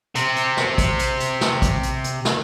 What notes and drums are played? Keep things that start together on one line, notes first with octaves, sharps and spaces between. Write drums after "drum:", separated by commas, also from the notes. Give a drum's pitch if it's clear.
C3 C4, drum: hi-hat
drum: hi-hat
drum: snare
drum: kick, hi-hat
drum: hi-hat
drum: hi-hat
drum: snare
drum: kick, hi-hat
drum: hi-hat
drum: hi-hat
drum: snare